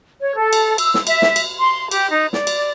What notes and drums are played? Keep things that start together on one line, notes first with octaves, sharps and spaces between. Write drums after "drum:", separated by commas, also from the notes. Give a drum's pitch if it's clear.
C#5
A4
drum: cymbal
E6, drum: cymbal
drum: snare
E5, drum: cymbal
drum: snare
drum: cymbal
C6
G4, drum: cymbal
D#4
D5, drum: snare
drum: cymbal